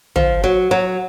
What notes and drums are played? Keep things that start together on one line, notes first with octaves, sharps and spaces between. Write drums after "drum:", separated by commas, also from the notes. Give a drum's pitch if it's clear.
F3, drum: tom
F#3
F#3